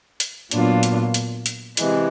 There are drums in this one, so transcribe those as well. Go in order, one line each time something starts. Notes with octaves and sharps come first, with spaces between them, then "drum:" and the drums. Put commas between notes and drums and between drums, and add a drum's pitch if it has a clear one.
drum: hi-hat
A#2 F#3 B3 D4 F4, drum: hi-hat
drum: hi-hat
drum: hi-hat
drum: hi-hat
C3 E3 G#3, drum: hi-hat